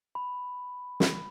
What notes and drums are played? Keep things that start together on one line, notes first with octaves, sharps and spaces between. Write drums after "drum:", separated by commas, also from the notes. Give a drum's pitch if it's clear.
B5
drum: snare